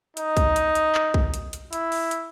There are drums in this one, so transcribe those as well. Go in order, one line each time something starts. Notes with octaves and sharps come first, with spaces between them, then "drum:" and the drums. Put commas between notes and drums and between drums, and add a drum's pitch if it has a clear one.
D#4, drum: hi-hat
drum: kick, hi-hat
drum: hi-hat
drum: hi-hat
drum: clap
drum: kick
drum: hi-hat
drum: hi-hat
E4, drum: hi-hat
drum: open hi-hat
drum: hi-hat